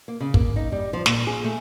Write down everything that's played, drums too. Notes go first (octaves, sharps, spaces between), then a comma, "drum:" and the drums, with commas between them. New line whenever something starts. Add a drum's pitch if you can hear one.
A#3
C#3
A#3, drum: kick
D#4
G3
F3
A#2, drum: snare
G#4
A3